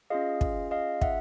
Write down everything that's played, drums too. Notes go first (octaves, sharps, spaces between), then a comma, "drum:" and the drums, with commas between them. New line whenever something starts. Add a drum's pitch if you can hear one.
C#4 F4 G#4 D#5 F5
drum: kick
D#5 F5
E5 F#5, drum: kick